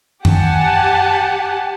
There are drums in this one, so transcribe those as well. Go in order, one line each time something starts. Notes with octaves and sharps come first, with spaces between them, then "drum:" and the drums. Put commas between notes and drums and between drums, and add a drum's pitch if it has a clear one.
G4 F#5 G#5 A5, drum: tom F#2